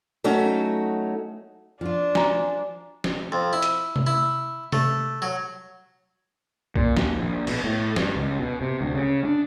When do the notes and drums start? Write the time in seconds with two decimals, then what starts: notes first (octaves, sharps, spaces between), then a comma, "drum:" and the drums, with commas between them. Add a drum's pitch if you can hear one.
0.24 F#3 A3 C#4 D#4 F#4
1.81 F3 D4 F4
2.15 G#5 A#5, drum: snare
3.04 drum: snare
3.32 F2
3.53 E4
3.62 drum: hi-hat
3.96 drum: tom C3
4.07 E4
4.73 A3, drum: tom C3
5.22 F#3
6.76 A#2, drum: kick
6.97 D#2, drum: snare
7.19 A#1
7.47 B2, drum: cymbal
7.64 A2
7.96 G2, drum: snare
8.16 C#2
8.39 B2
8.61 C3
8.81 D2
8.94 C#3
9.25 D4